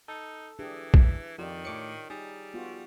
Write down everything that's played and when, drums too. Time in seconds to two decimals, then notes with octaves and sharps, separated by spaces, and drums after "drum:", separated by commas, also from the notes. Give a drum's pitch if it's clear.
0.08 D#4 A4
0.59 E3 D4 G4 G#4
0.94 drum: kick A#1
1.38 F2 D#3 F4 G4 D5
1.65 A2 C#5 D6 C#7
2.10 G3 D#4 G#4
2.54 B3 F4 F#4